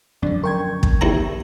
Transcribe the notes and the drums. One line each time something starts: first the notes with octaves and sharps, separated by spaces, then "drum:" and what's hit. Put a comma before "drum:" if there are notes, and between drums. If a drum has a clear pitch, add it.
F#2 D3 F3 D4
A#4 G5 C#6 G#6
drum: kick
D#2 E4 A#5